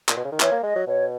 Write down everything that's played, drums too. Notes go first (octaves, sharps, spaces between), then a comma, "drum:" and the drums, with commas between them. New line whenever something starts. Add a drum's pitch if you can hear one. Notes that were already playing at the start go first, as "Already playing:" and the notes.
A#2, drum: clap
B2
C#3
D#3
E3 C#5, drum: clap
A#3
G#3 D#5
F#3
B2 C#5